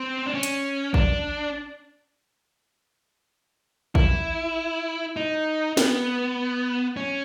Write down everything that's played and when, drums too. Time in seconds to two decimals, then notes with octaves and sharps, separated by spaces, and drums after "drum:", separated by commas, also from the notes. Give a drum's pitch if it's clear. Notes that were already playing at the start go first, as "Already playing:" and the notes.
Already playing: C4
0.26 D4
0.34 C#4
0.43 drum: hi-hat
0.94 D4, drum: kick
3.95 E4, drum: kick
5.17 D#4
5.77 B3, drum: snare
6.97 C#4